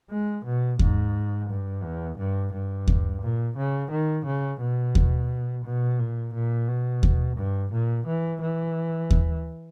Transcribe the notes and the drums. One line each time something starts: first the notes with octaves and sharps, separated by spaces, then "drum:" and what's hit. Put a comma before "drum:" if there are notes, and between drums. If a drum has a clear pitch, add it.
G#3
B2
G#2, drum: kick D#2
G2
E2
G2
G2
drum: kick D#2
A#2
C#3
D#3
C#3
B2
drum: kick D#2
B2
A#2
A#2
B2
drum: kick D#2
G2
A#2
E3
E3
drum: kick D#2